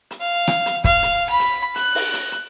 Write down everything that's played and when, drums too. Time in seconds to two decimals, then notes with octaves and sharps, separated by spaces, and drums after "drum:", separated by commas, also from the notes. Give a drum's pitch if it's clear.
0.11 drum: hi-hat
0.21 F5
0.47 drum: rim click
0.66 drum: hi-hat
0.84 F5, drum: kick, hi-hat
1.03 drum: hi-hat
1.29 B5
1.40 drum: hi-hat
1.76 F#6, drum: hi-hat
1.95 drum: open hi-hat
2.13 drum: hi-hat
2.32 drum: hi-hat